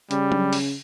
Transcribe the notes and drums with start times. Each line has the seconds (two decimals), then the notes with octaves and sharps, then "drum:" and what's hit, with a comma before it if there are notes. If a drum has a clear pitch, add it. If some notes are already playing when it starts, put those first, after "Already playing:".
0.11 C#3 G3, drum: hi-hat
0.32 drum: tom F#3
0.53 drum: open hi-hat